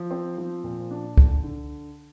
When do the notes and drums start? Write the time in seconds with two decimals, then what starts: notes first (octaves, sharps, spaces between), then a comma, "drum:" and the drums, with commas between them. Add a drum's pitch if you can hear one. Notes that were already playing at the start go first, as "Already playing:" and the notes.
Already playing: F3
0.11 C4
0.38 F3
0.64 A#2
0.91 D4
1.17 D3, drum: kick C#2
1.44 D3